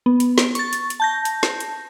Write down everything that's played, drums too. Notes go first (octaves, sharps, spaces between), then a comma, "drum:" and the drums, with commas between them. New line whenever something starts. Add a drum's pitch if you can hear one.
B3
drum: hi-hat
drum: snare
C#6 A6, drum: hi-hat
drum: hi-hat
drum: hi-hat
A5 G6 A#6
drum: hi-hat
drum: snare
drum: hi-hat